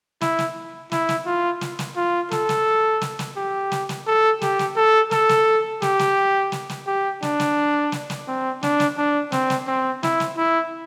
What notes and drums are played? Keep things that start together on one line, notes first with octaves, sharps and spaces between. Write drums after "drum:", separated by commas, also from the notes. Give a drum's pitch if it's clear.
E4, drum: snare
drum: snare
E4, drum: snare
drum: snare
F4
drum: snare
drum: snare
F4
A4, drum: snare
drum: snare
drum: snare
drum: snare
G4
drum: snare
drum: snare
A4
G4, drum: snare
drum: snare
A4
A4, drum: snare
drum: snare
G4, drum: snare
drum: snare
drum: snare
drum: snare
G4
D4, drum: snare
drum: snare
drum: snare
drum: snare
C4
D4, drum: snare
drum: snare
D4
C4, drum: snare
drum: snare
C4
E4, drum: snare
drum: snare
E4